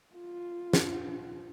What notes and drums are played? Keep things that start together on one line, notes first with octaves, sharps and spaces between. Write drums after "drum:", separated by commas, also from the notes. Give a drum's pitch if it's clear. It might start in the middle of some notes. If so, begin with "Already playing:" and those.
F4
drum: snare